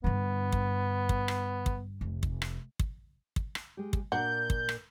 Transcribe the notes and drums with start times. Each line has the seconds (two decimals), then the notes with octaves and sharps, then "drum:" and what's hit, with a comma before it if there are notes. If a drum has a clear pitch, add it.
0.04 G2 D3 B3
0.52 drum: kick
1.09 drum: kick
1.28 drum: rim click
1.66 drum: kick
2.01 F1
2.23 drum: kick
2.42 drum: rim click
2.79 drum: kick
3.36 drum: kick
3.55 drum: rim click
3.77 G#3 G4
3.93 drum: kick
4.12 A#2 D4 F#4 A#4 G6
4.50 drum: kick
4.69 drum: rim click